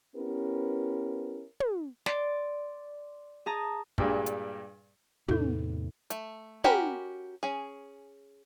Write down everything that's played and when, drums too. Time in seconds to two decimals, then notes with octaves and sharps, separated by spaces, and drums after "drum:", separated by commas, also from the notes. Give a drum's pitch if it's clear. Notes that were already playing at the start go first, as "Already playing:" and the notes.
0.16 B3 C#4 E4 G4 A#4 B4
1.60 drum: tom
2.06 D5 C6, drum: snare
3.46 G#4 A5 A#5 D#6
3.98 G2 A#2 G3 G#3, drum: kick
4.26 drum: hi-hat
5.28 E2 A2 C3 D#4 A4, drum: tom
6.10 A3, drum: hi-hat
6.64 C#4 F#4 G4 A#4 B5, drum: tom
7.43 C#4 G#4